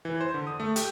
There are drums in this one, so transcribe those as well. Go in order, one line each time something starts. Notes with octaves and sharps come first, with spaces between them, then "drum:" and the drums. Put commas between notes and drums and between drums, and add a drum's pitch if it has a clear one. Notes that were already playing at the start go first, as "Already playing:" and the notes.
E3
C5
D3
D#6
A3
G4, drum: hi-hat